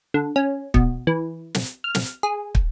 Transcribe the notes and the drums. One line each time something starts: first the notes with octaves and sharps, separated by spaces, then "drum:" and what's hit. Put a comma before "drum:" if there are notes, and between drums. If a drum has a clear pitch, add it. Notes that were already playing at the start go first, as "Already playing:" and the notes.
D3
C#4
B2, drum: kick
E3
drum: snare
F6
drum: snare
G#4
drum: kick